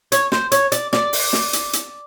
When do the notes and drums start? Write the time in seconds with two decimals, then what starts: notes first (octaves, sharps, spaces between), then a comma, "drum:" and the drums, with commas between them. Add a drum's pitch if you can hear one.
0.12 C#5, drum: hi-hat
0.32 C5, drum: snare
0.52 C#5, drum: hi-hat
0.72 D5, drum: hi-hat
0.93 D5, drum: snare
1.13 drum: open hi-hat
1.33 drum: snare
1.53 drum: hi-hat
1.73 drum: hi-hat